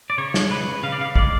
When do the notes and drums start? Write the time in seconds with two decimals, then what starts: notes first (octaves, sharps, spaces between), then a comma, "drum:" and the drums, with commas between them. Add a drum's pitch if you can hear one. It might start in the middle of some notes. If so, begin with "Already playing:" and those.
0.10 D5
0.18 C#3 C#5
0.34 G#3, drum: snare
0.51 C#3 B4
0.67 C#3
0.83 C#3 F5
0.92 D5
1.00 C#3 F5
1.15 G#3 D5, drum: kick